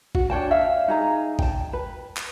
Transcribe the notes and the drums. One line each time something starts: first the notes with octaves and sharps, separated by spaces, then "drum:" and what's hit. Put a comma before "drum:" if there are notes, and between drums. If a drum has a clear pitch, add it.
F#4, drum: kick
D4 C#5 G5 A5
E5 F5
D#4 G#4 A#5
G5 A5, drum: kick
B4
drum: clap